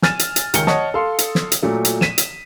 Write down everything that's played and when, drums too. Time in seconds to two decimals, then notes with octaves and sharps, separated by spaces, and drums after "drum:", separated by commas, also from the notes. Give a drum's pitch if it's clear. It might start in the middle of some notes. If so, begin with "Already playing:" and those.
0.02 G#5 F6 A6 D#7 E7, drum: snare
0.19 drum: hi-hat
0.36 drum: hi-hat
0.54 C#2 D#3 A#4 G#5 C#7 G7, drum: hi-hat
0.67 C#5 D#5 F#5 A5 D#6, drum: snare
0.94 A4 F5 C6
1.19 drum: hi-hat
1.35 drum: snare
1.52 drum: hi-hat
1.63 A#2 F#3 A3
1.85 drum: hi-hat
2.01 B6 D#7 E7, drum: snare
2.18 drum: hi-hat